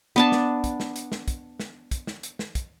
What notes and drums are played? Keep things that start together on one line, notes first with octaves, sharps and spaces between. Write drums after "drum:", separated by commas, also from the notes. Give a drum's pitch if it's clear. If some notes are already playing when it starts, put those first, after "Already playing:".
B3 D4 A5
drum: snare
drum: kick, hi-hat
drum: snare
drum: hi-hat
drum: snare
drum: kick, hi-hat
drum: snare
drum: kick, hi-hat
drum: snare
drum: hi-hat
drum: snare
drum: kick, hi-hat